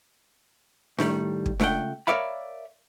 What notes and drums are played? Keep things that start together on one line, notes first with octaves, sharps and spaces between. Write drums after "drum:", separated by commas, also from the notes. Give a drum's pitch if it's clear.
A2 D#3 G3 A3, drum: snare D4
drum: kick
C#2 A3 D5 F#5 G5, drum: snare D4
A#4 C#5 D5 E5 F5 B5